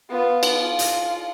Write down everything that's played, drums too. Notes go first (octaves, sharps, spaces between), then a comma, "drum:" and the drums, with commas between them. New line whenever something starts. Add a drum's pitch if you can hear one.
B3 F4
drum: cymbal
F4
drum: hi-hat